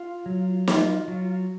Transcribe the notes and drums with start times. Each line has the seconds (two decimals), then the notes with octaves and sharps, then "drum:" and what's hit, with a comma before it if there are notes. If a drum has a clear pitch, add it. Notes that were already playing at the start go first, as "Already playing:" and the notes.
Already playing: F4
0.26 F#3
0.68 F4, drum: snare
1.08 F#3